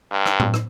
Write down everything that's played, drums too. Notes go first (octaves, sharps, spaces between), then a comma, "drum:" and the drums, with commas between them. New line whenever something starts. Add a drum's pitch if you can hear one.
G2
drum: rim click
drum: tom A2
drum: rim click